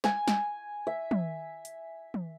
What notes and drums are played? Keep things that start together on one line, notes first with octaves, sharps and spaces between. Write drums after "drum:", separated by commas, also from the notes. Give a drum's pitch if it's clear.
G#5, drum: snare
drum: snare
E5
drum: tom
drum: hi-hat
drum: tom